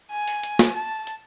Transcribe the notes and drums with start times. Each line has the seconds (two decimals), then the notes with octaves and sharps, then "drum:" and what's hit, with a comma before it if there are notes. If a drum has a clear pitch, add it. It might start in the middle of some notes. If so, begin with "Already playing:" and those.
0.12 G#5
0.28 drum: open hi-hat
0.43 drum: hi-hat
0.59 drum: snare
0.75 A5
1.07 drum: hi-hat